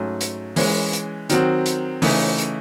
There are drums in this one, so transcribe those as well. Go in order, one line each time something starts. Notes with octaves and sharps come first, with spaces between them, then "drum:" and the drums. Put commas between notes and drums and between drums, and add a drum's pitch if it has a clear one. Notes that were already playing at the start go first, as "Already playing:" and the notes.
Already playing: G#2 F#3 A3 C#4
drum: hi-hat
E3 G#3 C#4, drum: open hi-hat
drum: hi-hat
D#3 F#3 C4 F#4, drum: hi-hat
drum: hi-hat
C#3 E3 A3 D#4, drum: open hi-hat
drum: hi-hat